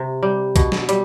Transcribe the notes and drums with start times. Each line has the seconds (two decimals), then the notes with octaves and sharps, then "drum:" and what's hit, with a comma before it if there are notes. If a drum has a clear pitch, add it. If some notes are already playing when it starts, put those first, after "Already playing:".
Already playing: C3
0.23 G3
0.56 B2, drum: kick B1, hi-hat
0.72 drum: snare
0.89 G3, drum: hi-hat